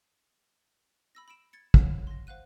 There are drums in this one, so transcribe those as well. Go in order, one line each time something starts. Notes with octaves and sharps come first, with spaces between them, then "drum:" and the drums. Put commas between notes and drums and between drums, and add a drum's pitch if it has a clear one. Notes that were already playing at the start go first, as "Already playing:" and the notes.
B5 E6 A#6
B5 E6 D7 E7
G#6 A6 C#7
C#5 F5 F#5 G#5, drum: kick
C6 A#6
C5 F5 F#5 F#6 D#7